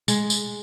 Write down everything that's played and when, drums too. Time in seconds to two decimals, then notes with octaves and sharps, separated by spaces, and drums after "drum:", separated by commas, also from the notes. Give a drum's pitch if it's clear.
0.08 G#3, drum: tambourine
0.30 drum: tambourine